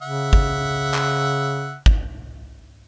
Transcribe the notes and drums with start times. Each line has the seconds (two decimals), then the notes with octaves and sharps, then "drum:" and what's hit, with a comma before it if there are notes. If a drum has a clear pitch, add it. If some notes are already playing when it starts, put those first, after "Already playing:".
0.02 C#3 E5 F#5
0.33 drum: kick G#1
0.94 drum: clap
1.86 drum: kick G#1